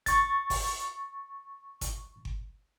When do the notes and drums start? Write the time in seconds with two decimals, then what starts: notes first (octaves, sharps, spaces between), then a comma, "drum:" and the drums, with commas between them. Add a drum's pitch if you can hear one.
0.06 C#6 A6, drum: kick G1, hi-hat
0.50 drum: kick G1, open hi-hat
1.81 drum: kick G1, hi-hat
2.25 drum: kick G1